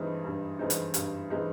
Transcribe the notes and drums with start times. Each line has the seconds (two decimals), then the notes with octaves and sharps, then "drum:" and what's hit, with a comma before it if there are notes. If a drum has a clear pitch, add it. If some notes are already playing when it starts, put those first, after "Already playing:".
Already playing: G2 E3 G#3 C4 D#4
0.24 G2
0.59 E3 G#3 C4 D#4
0.70 drum: hi-hat
0.94 G2, drum: hi-hat
1.30 E3 G#3 C4 D#4